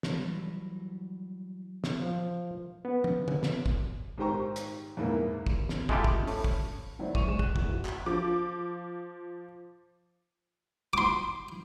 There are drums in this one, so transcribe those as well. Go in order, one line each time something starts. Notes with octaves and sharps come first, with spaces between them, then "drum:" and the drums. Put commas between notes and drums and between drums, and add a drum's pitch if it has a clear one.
drum: snare
E3 F#3 G3
drum: snare
F3
B3
drum: tom
drum: tom
drum: snare
drum: kick
G#2 D#3 G4 C5 A#5 C#6
drum: hi-hat
E2 G#2 E3 A#3 E4
drum: kick
drum: snare
G#3 A3 E4 F4 G4 A4, drum: kick
drum: kick
A2, drum: open hi-hat
drum: kick
D#3 F#3 E4 C5 D5
C#6 D#7 F7, drum: kick
G#3 E7
F#6, drum: kick
E2 A2, drum: kick
F#4
drum: clap
F3 D6
C6 D6